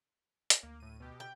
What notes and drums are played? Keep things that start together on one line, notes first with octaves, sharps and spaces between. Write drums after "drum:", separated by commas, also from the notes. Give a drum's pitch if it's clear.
drum: hi-hat
D2 A#3
A2 D#7
B2 G4
G5